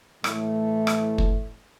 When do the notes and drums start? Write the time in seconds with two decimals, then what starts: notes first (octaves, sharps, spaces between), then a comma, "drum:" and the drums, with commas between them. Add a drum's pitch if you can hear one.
0.24 A2 E3 A3, drum: rim click
0.87 drum: rim click
1.18 drum: kick